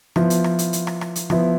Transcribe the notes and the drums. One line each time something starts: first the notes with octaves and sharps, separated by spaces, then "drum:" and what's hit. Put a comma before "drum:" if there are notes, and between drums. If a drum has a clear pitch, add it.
F3 B3 E4 B4, drum: rim click
drum: hi-hat
drum: rim click
drum: hi-hat
drum: hi-hat
drum: rim click
drum: rim click
drum: hi-hat
F3 B3 E4, drum: rim click